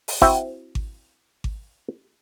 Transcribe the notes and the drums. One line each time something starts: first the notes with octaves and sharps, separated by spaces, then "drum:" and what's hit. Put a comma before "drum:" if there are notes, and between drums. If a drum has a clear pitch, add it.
drum: open hi-hat
C4 E4 F#4 E5 G5, drum: kick G#1
drum: kick G#1
drum: kick G#1